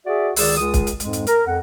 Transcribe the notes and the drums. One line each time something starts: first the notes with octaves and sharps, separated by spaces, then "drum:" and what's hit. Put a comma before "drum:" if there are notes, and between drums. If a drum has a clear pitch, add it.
F#4 G#4 D5 E5
C#2 D#3 G#4 D5 E6, drum: open hi-hat
C#2 G#3 G#4 D#6
drum: kick, hi-hat
drum: hi-hat
F2 G#2 G#3, drum: hi-hat
drum: hi-hat
A#4, drum: hi-hat
F2 F#5